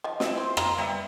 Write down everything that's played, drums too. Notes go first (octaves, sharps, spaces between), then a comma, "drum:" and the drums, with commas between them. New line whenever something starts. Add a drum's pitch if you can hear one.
D#3 F3
C4 E4 D#5, drum: snare
C5
A#3 C4 F4, drum: rim click
G3 B3 E5